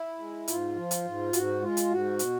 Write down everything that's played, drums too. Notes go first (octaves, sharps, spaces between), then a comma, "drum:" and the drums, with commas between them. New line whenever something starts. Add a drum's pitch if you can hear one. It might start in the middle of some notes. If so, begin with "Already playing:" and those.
Already playing: E4
G#3
G#2 F4, drum: hi-hat
F3
drum: hi-hat
G#2
G#2 F#4, drum: hi-hat
G#3 F4
drum: hi-hat
G#2 F#4
B2, drum: hi-hat